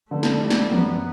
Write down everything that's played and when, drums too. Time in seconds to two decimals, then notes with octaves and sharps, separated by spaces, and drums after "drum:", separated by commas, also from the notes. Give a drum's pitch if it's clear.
0.10 D3 A3
0.23 drum: snare
0.41 G3
0.50 drum: snare
0.72 F#2 B3, drum: tom